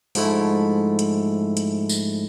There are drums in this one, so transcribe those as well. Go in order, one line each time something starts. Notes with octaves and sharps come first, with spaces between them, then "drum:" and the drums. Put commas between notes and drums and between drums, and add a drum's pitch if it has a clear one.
G#2 F3 G#3 A3 E4, drum: open hi-hat
drum: hi-hat
drum: hi-hat
drum: tambourine